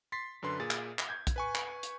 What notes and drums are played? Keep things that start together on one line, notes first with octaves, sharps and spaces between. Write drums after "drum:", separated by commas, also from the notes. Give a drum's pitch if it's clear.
C6 A6 B6 C7
F#2 D3 B4 C6
A#2 G#4 A6
drum: clap
drum: clap
G6 G#6
drum: kick, hi-hat
B4 G#5 C#6
drum: clap
drum: hi-hat